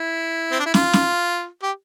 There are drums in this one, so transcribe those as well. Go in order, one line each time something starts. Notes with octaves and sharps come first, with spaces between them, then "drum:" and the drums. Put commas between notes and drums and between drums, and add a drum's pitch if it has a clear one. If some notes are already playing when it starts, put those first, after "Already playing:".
Already playing: E4
C4
D4
E4
F4, drum: snare
drum: snare
G4